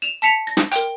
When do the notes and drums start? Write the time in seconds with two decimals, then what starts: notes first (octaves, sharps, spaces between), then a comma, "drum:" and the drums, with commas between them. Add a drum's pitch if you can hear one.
0.02 E7 F7
0.22 A5 B6 C#7 F7
0.47 A#6
0.57 drum: snare
0.72 A#4 G5, drum: hi-hat